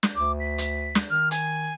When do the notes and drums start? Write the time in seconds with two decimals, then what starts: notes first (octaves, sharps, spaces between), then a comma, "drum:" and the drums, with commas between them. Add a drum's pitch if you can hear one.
0.03 drum: snare
0.16 D2 D6
0.40 B6
0.58 drum: hi-hat
0.95 drum: snare
1.10 D#3 F6
1.31 G#5, drum: hi-hat